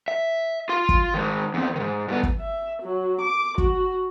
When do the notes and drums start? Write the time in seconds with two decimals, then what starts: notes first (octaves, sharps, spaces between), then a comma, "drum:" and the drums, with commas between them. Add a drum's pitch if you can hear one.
0.08 E5
0.69 F4 C6
0.89 drum: kick
1.14 D#3 G#3
1.54 E2 C4
1.76 G#2 D#3
2.08 G2 B3
2.23 drum: kick
2.40 E5
2.82 F#3
3.21 D6
3.58 F#4, drum: kick